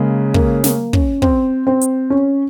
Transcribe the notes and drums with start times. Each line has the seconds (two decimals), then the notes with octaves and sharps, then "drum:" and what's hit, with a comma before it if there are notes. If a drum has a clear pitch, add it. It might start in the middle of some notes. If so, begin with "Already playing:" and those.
Already playing: C#3 G#3 A#3 C#4
0.34 A#3, drum: kick
0.64 A#3, drum: snare
0.93 C#4, drum: kick
1.22 C4, drum: kick
1.67 C4
1.81 drum: hi-hat
2.10 C#4